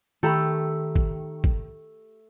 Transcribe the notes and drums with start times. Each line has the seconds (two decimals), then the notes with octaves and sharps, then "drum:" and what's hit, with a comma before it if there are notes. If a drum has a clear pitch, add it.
0.23 D#3 A3 G4 A4 A#5 B5
0.95 drum: kick
1.44 drum: kick